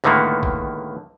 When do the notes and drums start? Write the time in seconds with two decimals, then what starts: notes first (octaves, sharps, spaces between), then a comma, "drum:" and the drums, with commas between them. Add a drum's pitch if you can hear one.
0.04 C#2 A2 D3 D#3 A#3 B3
0.43 drum: kick